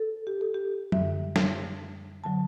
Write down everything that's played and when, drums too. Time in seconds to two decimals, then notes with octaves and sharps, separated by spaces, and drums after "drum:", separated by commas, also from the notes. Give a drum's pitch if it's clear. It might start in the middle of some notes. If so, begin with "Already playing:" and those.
Already playing: A4
0.27 G4
0.41 A4
0.54 G4
0.92 F#2 D3 G3 E5, drum: tom
1.36 drum: snare
2.24 D3 F#3 A5